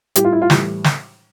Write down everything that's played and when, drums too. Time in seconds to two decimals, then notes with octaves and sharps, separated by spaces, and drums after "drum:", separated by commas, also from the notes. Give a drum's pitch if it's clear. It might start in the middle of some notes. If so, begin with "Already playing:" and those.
0.16 A2 G3 G4, drum: hi-hat
0.25 F4
0.33 E4
0.42 F4
0.50 A2 E3 G3, drum: snare
0.84 drum: snare